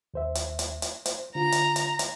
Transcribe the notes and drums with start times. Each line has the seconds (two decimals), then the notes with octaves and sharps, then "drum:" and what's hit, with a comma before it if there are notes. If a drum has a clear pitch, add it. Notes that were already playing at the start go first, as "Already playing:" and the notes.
0.14 D#2 C5 E5
0.35 drum: hi-hat
0.59 drum: hi-hat
0.82 drum: hi-hat
1.06 C5, drum: hi-hat
1.35 D3 F4 A#5
1.52 drum: hi-hat
1.76 drum: hi-hat
1.99 drum: hi-hat